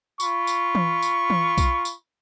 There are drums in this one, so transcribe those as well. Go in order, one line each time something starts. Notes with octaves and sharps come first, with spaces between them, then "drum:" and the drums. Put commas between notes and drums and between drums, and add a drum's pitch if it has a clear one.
F4 B5 C#6, drum: tambourine
drum: tambourine
drum: tom E3
drum: tambourine
drum: tom E3
drum: kick B1, tambourine
drum: tambourine